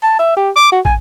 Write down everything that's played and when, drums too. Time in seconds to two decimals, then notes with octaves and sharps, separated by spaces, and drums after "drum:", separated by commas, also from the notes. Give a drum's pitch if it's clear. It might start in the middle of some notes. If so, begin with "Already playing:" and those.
0.03 A5
0.19 E5
0.37 G4
0.56 D6
0.72 F#4
0.85 G#5, drum: kick